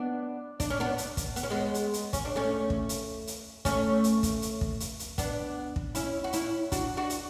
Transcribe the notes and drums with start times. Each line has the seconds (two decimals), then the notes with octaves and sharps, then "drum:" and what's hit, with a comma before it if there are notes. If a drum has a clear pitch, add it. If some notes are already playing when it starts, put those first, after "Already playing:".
Already playing: B3 D4
0.60 D4, drum: kick, hi-hat
0.70 C#4
0.80 B3 D4
0.98 drum: hi-hat
1.17 drum: kick, hi-hat
1.36 B3, drum: hi-hat
1.43 C#4
1.50 G#3 B3
1.74 drum: hi-hat
1.94 drum: hi-hat
2.13 C#4, drum: kick, hi-hat
2.25 D4
2.36 A3 C#4
2.70 drum: kick
2.89 drum: hi-hat
3.27 drum: hi-hat
3.65 A3 C#4, drum: kick, hi-hat
4.04 drum: hi-hat
4.23 drum: kick, hi-hat
4.42 drum: hi-hat
4.61 drum: kick
4.80 drum: hi-hat
4.99 drum: hi-hat
5.18 B3 D4, drum: kick, hi-hat
5.76 drum: kick
5.95 C#4 E4, drum: hi-hat
6.24 F#4
6.33 C#4 E4, drum: hi-hat
6.72 D4 F#4, drum: kick, hi-hat
6.97 D4 F#4
7.10 drum: hi-hat